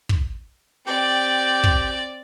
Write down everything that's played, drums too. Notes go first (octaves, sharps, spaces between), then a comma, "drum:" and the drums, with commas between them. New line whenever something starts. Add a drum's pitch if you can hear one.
drum: kick
C4 G4 D5 G5
drum: kick